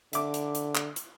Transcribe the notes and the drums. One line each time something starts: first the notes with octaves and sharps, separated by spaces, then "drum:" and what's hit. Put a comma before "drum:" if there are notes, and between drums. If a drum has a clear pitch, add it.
D3 E5 D6, drum: hi-hat
drum: hi-hat
drum: hi-hat
drum: clap
drum: hi-hat